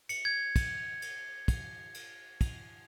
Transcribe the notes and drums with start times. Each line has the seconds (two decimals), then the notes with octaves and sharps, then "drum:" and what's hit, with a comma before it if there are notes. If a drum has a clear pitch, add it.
0.09 C#7, drum: cymbal
0.25 G#6
0.56 drum: kick, cymbal
1.02 drum: cymbal
1.48 drum: kick, cymbal
1.94 drum: cymbal
2.41 drum: kick, cymbal